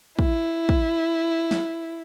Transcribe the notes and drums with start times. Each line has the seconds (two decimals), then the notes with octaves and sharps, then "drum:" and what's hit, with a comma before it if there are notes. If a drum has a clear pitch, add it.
0.19 E4, drum: kick
0.69 drum: kick
1.51 drum: snare